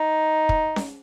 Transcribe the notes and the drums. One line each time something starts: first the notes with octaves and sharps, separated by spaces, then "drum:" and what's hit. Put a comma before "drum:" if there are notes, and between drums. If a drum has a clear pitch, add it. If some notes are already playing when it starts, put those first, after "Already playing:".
Already playing: D#4
drum: kick
drum: snare C#4